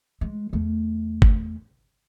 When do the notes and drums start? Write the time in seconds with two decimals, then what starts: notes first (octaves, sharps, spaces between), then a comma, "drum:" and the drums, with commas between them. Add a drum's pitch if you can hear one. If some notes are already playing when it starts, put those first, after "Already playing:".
0.21 G#3
0.53 E2 A3
1.22 drum: kick G1